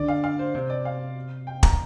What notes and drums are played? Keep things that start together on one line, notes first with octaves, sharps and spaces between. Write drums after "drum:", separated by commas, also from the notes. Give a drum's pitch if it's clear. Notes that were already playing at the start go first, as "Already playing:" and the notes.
Already playing: D3 D5
F5
F5
C5
C3 C5
D5
F5
G5
A#5, drum: kick